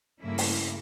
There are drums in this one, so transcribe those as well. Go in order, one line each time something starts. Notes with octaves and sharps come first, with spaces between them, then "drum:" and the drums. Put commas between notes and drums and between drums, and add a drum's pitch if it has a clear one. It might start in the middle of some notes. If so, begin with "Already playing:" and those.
G2 C#3 A3 A#3 E4
drum: open hi-hat